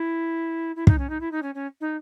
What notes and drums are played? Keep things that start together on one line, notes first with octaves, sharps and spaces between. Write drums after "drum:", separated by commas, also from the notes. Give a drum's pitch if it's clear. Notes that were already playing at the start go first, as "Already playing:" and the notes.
Already playing: E4
E4
D#4, drum: kick
C#4
D#4
E4
D#4
C#4
C#4
D#4